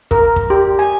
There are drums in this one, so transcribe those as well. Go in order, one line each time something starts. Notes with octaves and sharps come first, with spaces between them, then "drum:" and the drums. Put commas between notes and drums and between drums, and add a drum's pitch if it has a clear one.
A#4, drum: kick
drum: kick
G4
G#5